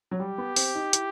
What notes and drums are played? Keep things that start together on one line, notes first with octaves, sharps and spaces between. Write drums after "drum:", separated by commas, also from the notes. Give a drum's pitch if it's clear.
F#3
G3 G4
B3
C4, drum: open hi-hat
D#4
E4, drum: hi-hat